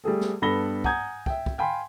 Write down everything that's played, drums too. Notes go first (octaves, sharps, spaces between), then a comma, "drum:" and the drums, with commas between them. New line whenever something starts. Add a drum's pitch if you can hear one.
G3 A3 G#4 A4
drum: snare
G2 B3 A4 B5 A#6 G7
F#5 G#5 A#5 D#6 G6 G#6, drum: kick
E5 G5, drum: kick
drum: kick
F5 G5 G#5 B5 C6